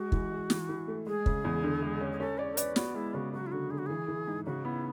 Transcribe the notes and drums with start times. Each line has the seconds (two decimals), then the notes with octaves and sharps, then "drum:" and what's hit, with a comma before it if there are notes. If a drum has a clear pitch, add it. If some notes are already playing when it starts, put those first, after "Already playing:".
Already playing: G#3 F#4
0.12 E3, drum: kick
0.32 G#3
0.50 E3, drum: snare
0.69 E3
0.88 A3
1.07 G#3 G#4
1.26 C#3, drum: kick
1.45 E2
1.63 D3
1.82 G#3
2.01 C#4
2.12 G#4
2.20 C#4 A4
2.38 C#5 D5
2.52 A4
2.57 B4 D5, drum: hi-hat
2.76 B3 F#4, drum: snare
2.95 G#3 E4
3.14 C#3 F#4
3.33 F#3 F#4
3.47 E4
3.52 D3 F#4
3.70 D3 G#4
3.78 F#4
3.86 E3 G#4
4.08 E3
4.28 G#2
4.46 C#3 F#4
4.65 B3 E4